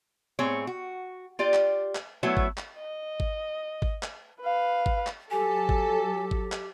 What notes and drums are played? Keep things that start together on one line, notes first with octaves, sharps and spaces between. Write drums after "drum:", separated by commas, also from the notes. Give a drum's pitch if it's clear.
A2 C4 G#4 C#5
F#4
F4 G4 D5
drum: clap
drum: clap
F#3 A3 B3 E4 F#4 C#5
drum: kick G#1
drum: clap
D#5
drum: kick G#1
drum: kick G#1
drum: clap
B4 F5
drum: kick G#1
drum: clap
F#3 G4 A4 G#5
drum: kick G#1
drum: kick G#1
drum: clap